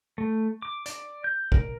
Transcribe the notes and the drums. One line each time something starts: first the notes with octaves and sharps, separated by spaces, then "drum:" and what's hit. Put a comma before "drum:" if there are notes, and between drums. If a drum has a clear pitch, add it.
A3
D6
D5, drum: hi-hat
G6
A#4, drum: kick